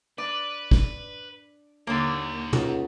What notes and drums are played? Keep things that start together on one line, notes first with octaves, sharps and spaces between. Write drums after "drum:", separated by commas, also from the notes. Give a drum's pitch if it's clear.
D4 B4 D5
drum: kick
D#2 D3 A#3 A#4 E5
C#2 F#4 A4, drum: tom